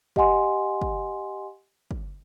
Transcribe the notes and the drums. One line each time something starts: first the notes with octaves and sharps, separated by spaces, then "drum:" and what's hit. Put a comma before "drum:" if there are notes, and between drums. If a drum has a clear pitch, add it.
G4 D#5 F#5 G#5 C6, drum: kick
drum: kick
drum: kick